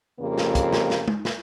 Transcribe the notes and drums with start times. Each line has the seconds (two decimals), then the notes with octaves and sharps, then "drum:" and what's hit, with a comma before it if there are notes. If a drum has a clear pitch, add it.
0.20 F2 C#3 A#3 G4
0.38 drum: snare
0.55 drum: kick, hi-hat
0.73 drum: snare
0.90 drum: snare
1.08 drum: tom G#3
1.25 drum: snare